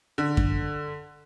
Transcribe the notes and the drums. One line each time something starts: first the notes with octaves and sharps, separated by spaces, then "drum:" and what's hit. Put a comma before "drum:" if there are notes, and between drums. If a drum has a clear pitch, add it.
D3
drum: kick F#2